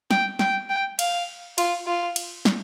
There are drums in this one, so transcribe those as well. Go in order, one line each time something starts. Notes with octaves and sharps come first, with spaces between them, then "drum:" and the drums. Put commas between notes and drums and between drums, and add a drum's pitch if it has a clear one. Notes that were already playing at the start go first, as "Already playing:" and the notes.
G5, drum: snare
G5, drum: snare
G5
F5, drum: cymbal
F4, drum: cymbal
F4
drum: cymbal
drum: snare